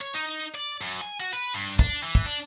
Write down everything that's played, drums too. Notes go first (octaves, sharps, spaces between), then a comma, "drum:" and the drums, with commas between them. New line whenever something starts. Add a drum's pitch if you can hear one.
C#5
D#4
D5
F#2
G#5
F#4
B4
G2
D4, drum: kick
E3
drum: kick
D4